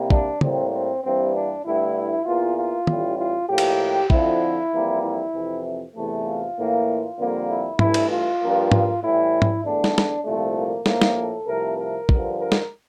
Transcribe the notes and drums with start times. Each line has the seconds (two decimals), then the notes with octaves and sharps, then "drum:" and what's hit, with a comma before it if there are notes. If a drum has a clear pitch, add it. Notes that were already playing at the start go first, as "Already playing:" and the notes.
Already playing: C2 C3 G3 A#3
0.10 D4, drum: kick
0.41 A2 G3 A#3 C4, drum: tom
0.73 C4
1.03 G2 E3 G3 A#3 C4
1.34 D4
1.65 G2 D3 A3 E4
2.26 E2 E3 A#3 F4
2.57 F4
2.87 A1 A2 G3, drum: tom
3.18 F4
3.48 A2 F3 A#3 G4
3.58 drum: cymbal
4.10 F2 D3 F3 E4, drum: kick
4.71 F2 E3 G3 A#3
5.02 E4
5.33 F2 C3 E3
5.95 E2 C3 E3 A3
6.25 F4
6.57 A2 E3 A#3
6.87 F4
7.18 F2 D3 G3 A#3
7.48 E4
7.79 G2 E3 A3 E4, drum: tom G#2
7.94 drum: cymbal
8.10 F4
8.41 G2 F3 A#3
8.72 F4, drum: tom G#2
9.02 A2 E3 G3 E4
9.42 drum: tom G#2
9.63 E2 D3 A3 D4
9.84 drum: snare
9.98 drum: snare
10.25 C2 A#2 F3 A3
10.56 A#3
10.86 A#1 A2 F3 A#3, drum: snare
11.02 drum: snare
11.17 A4
11.47 C2 C3 F3 A3 A#4
11.78 A#4
12.09 G2 D3 F3, drum: kick
12.40 A#4
12.52 drum: snare